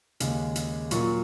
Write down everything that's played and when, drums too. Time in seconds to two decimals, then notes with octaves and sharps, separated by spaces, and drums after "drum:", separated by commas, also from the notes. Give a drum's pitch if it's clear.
0.20 D#2 C#3 G#3, drum: hi-hat
0.56 drum: hi-hat
0.91 A#2 F#3 C#6, drum: hi-hat